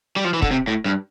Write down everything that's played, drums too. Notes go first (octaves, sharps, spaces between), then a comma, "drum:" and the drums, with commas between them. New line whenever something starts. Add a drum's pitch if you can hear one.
G3
F3
E3
D3, drum: kick
C3
A2
G2